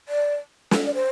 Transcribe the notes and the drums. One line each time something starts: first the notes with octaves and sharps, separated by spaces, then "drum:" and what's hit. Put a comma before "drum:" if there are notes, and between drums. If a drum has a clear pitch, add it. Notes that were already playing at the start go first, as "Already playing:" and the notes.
D5
drum: snare
D5
C5